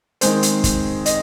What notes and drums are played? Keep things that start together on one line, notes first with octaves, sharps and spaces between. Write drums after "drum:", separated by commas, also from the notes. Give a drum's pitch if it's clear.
D#3 G#3 C4 C5, drum: hi-hat
drum: hi-hat
drum: kick, hi-hat
D#5, drum: hi-hat